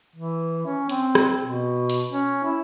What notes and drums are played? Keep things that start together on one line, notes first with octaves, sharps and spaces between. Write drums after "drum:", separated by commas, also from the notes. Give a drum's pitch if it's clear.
E3
C#4
C4, drum: hi-hat
drum: rim click
B2
drum: open hi-hat
C#4
E4